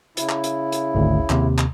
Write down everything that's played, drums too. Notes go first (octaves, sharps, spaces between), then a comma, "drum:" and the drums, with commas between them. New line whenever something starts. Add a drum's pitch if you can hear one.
C#3 E4, drum: hi-hat
drum: clap
drum: hi-hat
drum: hi-hat
G#1 D2
D#2 C3, drum: clap
drum: clap